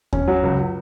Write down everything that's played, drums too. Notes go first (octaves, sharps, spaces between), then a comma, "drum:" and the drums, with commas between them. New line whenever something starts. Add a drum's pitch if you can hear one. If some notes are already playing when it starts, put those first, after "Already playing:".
C#4, drum: kick D#2
F#3
C#2